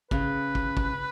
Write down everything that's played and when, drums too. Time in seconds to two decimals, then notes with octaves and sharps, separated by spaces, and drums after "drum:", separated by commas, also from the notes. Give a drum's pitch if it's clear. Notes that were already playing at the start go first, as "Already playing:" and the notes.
0.11 C#3 B4, drum: kick
0.55 drum: kick
0.77 drum: kick